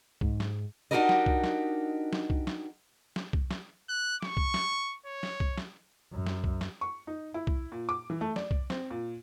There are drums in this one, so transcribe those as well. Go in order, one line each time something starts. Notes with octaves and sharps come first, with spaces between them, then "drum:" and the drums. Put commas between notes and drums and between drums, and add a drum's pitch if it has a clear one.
G#2, drum: kick C2
drum: snare
D4 D#4 F#4 G4 A#4 D#5
drum: snare
drum: kick C2
drum: snare
drum: snare
drum: kick C2
drum: snare
drum: snare
drum: kick C2
drum: snare
F#6
C#6, drum: snare
drum: kick C2
drum: snare
C#5
drum: snare
drum: kick C2
drum: snare
F#2
drum: snare
drum: kick C2
drum: snare
C#6
D#4
E4
drum: kick C2
A#2
D6
E3
A3
D5, drum: snare
drum: kick C2
C4, drum: snare
A#2